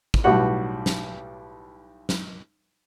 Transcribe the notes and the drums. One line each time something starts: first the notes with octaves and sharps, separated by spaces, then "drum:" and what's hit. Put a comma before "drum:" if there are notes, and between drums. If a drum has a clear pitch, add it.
drum: kick
B1 A2 G3 F#4 F#5
drum: snare
drum: snare